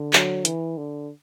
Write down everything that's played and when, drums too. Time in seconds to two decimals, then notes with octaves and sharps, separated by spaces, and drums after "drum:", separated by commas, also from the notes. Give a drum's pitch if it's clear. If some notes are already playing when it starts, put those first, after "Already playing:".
Already playing: D3
0.13 F#3, drum: clap
0.45 E3, drum: hi-hat
0.77 D3